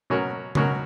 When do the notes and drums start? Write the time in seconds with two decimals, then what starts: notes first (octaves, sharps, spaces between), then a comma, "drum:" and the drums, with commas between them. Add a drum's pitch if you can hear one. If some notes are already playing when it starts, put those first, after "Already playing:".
0.10 B2 F#3 C#4 F#4 A#4
0.55 B2 F#3 C#4 F#4 A#4, drum: tom C#3